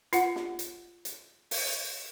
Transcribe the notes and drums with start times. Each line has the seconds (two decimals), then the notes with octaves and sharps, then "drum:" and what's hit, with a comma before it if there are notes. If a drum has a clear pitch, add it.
0.13 F4 F#5, drum: hi-hat
0.36 drum: snare
0.59 drum: hi-hat
1.05 drum: hi-hat
1.51 drum: open hi-hat